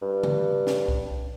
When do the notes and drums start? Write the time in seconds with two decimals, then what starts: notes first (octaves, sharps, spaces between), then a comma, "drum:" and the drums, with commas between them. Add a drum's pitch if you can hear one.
0.02 G2
0.23 drum: tom C#3
0.67 drum: snare
0.88 drum: kick C2